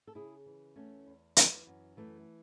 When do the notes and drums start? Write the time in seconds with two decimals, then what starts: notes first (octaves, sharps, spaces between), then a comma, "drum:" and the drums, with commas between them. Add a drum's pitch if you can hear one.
0.07 A4
0.15 C#3 E4 G#4
0.46 E3
0.76 E2 A3 C#4
1.07 E2
1.36 E3, drum: hi-hat
1.67 F#2
1.97 E3 A3